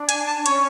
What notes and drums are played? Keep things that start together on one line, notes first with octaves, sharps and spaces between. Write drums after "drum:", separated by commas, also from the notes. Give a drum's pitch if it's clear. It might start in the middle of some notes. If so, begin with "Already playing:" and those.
Already playing: D4
G#5, drum: hi-hat
A5
D4
C#4 C#5, drum: hi-hat